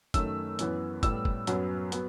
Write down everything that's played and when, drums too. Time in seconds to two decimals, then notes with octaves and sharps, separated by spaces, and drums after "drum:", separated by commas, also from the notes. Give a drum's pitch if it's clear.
0.14 F#2 D#3 A3 E6, drum: kick, hi-hat
0.59 F#2 E3 B3, drum: hi-hat
1.03 A2 G3 B3 E6, drum: kick, hi-hat
1.25 drum: kick
1.47 F#2 F#3 B3, drum: hi-hat
1.92 F#3 B3, drum: hi-hat